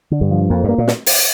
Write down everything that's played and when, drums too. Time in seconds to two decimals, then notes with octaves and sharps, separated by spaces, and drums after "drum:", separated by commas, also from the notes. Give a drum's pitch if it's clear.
0.11 D3
0.21 G2
0.31 F3
0.50 F2 A#3
0.64 G2 A#3
0.78 A#2
0.88 drum: snare
1.06 drum: open hi-hat